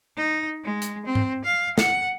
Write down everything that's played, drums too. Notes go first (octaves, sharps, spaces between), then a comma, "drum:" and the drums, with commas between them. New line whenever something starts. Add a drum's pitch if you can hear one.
D#4
G#3
drum: hi-hat
C4
drum: tom G#2
F5
F#5, drum: snare